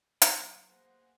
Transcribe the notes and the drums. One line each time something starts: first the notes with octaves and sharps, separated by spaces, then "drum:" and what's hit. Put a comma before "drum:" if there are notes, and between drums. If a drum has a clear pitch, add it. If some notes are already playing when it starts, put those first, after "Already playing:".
D#2 A#2 F#3 B3, drum: hi-hat
A#3 G#4 C5 F#5